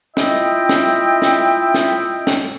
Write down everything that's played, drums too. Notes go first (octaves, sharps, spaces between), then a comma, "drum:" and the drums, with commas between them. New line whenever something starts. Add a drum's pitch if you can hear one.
E4 F4 D#5 E5 G5, drum: snare
drum: snare
drum: snare
drum: snare
drum: snare